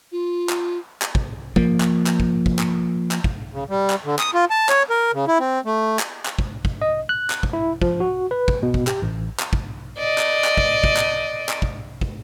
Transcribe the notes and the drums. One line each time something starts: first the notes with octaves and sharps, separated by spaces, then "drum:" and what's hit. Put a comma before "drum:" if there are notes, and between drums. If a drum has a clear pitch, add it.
F4
drum: clap
drum: clap
drum: kick
F3 A#3, drum: kick
drum: clap
drum: clap
drum: kick
drum: kick
drum: clap
drum: clap
drum: kick
C#3
G3
drum: clap
D3
D#6, drum: clap
F4
A5
C#5, drum: clap
A#4
C#3
E4
C4
A3
drum: clap
drum: clap
drum: kick
drum: kick
D#5
F#6
drum: clap
drum: kick
E4
F3, drum: kick
F#4
B4
drum: kick
B2
drum: kick
G4, drum: clap
A1
drum: clap
drum: kick
D5 D#5
drum: clap
drum: clap
drum: kick
drum: kick
drum: clap
drum: clap
drum: kick
drum: kick